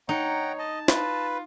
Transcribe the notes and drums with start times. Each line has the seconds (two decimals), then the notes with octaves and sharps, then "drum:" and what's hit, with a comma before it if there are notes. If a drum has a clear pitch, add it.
0.09 D#4 C#5 F#5 G5 A#5
0.58 D#5 A5
0.88 F4 B4, drum: snare